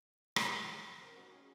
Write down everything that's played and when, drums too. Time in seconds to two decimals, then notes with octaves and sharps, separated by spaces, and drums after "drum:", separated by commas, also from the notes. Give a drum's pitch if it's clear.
0.36 G#3, drum: rim click
1.00 C4 A#4
1.11 C#4
1.16 D#4 F#4
1.31 C#4 G#4